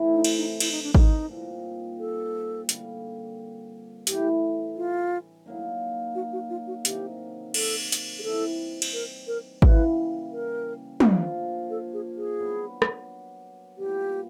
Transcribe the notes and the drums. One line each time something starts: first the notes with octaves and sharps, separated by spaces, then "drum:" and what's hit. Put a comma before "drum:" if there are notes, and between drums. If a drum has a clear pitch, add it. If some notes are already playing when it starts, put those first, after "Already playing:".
Already playing: C3 E3 A3
D#4
drum: cymbal
D#4
E4, drum: cymbal
D#4
D4
D#4, drum: kick G#1
A#2 G3 C4 D#4
A4
D3 G3 A#3, drum: hi-hat
A2 E3 A3 G4, drum: hi-hat
F4
F#3 A#3 D#4
F#4
F#4
F4
F#4
C3 D#3 F#3 G4, drum: hi-hat
A4, drum: cymbal
drum: hi-hat
G#4
E3 G3 C4 D#4 A4
drum: cymbal
A#4
A#4
C#3 E3 G3 A#3 B4, drum: kick G#1
A#4
F3 A#3 D4 F4, drum: tom
A4
G#4
G#4
F#3 B3 D4
drum: rim click
A#2 G3 B3 G4